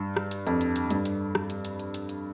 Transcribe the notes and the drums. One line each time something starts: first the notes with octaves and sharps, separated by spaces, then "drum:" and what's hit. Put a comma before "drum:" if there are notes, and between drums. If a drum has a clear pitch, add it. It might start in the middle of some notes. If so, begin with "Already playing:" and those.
Already playing: G2
drum: rim click
drum: hi-hat
F2, drum: hi-hat
drum: hi-hat
drum: hi-hat
G2, drum: hi-hat
drum: hi-hat
drum: rim click
drum: hi-hat
drum: hi-hat
drum: hi-hat
drum: hi-hat
drum: hi-hat